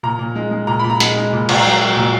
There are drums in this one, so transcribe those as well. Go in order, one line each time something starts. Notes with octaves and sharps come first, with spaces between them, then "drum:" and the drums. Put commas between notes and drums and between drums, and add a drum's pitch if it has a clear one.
A#2 A#5
A#2
G#3
G#3
A#2 A#5
A#2 B5
A#5
G#3, drum: hi-hat
G#3
A#2
A#2, drum: cymbal
F#3
F#3
A#2